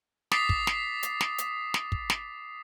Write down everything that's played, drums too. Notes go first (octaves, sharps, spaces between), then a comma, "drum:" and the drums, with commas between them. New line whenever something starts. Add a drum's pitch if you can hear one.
D6 D#6 A6 B6 C7, drum: snare
drum: kick
drum: snare
drum: hi-hat
drum: snare
drum: hi-hat
drum: snare
drum: kick
drum: snare